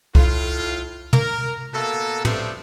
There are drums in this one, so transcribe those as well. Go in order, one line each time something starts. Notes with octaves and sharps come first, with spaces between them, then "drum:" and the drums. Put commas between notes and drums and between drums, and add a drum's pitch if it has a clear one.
A2 F4, drum: kick C2
A#4, drum: tom
B2 A#3 A4
C3 A3 B3 C4 D4, drum: tom